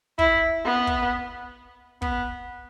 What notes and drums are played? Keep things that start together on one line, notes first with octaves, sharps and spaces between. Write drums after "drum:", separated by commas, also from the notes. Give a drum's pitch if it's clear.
E4, drum: kick
B3
drum: kick
B3, drum: kick